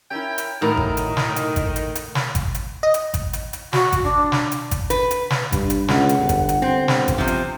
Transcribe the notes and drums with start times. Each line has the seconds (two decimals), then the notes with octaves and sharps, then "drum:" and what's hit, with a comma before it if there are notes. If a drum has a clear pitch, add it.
0.11 C#4 E4 A#4 E5 G5
0.38 drum: hi-hat
0.62 A2 D#3 F#3 A#4
0.77 drum: kick G#1
0.97 drum: hi-hat
1.17 drum: snare
1.36 drum: hi-hat
1.56 drum: kick G#1, hi-hat
1.76 drum: hi-hat
1.95 drum: hi-hat
2.15 drum: snare
2.35 drum: kick G#1, hi-hat
2.55 drum: hi-hat
2.83 D#5
2.94 drum: hi-hat
3.14 drum: kick G#1, hi-hat
3.33 drum: hi-hat
3.53 drum: hi-hat
3.73 F#4, drum: snare
3.92 drum: kick G#1, hi-hat
4.04 D4
4.32 drum: snare
4.52 drum: hi-hat
4.71 drum: kick G#1, hi-hat
4.90 B4, drum: hi-hat
5.11 drum: hi-hat
5.30 drum: snare
5.52 G2, drum: kick G#1, hi-hat
5.70 drum: hi-hat
5.88 C#2 F#5, drum: snare
6.09 drum: hi-hat
6.19 G1
6.29 drum: kick G#1, hi-hat
6.49 drum: hi-hat
6.62 G1 C4
6.88 drum: snare
7.08 drum: kick G#1, hi-hat
7.18 C3 F3
7.27 drum: hi-hat